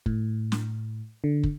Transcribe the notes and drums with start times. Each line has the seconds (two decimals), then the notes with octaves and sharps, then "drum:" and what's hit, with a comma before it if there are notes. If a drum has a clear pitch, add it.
0.06 A2, drum: kick
0.52 drum: snare
1.24 D3
1.43 drum: kick